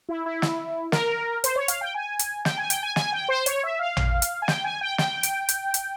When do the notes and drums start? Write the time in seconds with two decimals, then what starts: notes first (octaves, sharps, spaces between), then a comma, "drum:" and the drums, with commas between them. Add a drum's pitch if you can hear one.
0.09 E4
0.26 E4
0.42 drum: snare
0.92 A#4, drum: snare
1.44 C5, drum: hi-hat
1.56 C#5
1.68 F5, drum: hi-hat
1.81 G5
1.94 G#5
2.19 drum: hi-hat
2.45 G5, drum: snare
2.58 G#5
2.70 G5, drum: hi-hat
2.83 G#5
2.96 G#5, drum: snare
3.13 G5
3.29 C5
3.46 C#5, drum: hi-hat
3.63 E5
3.79 F5
3.97 drum: tom A1
4.22 drum: hi-hat
4.42 G#5
4.48 G5, drum: snare
4.64 G#5
4.81 G5
4.98 G5, drum: snare
5.23 drum: hi-hat
5.49 drum: hi-hat
5.74 drum: hi-hat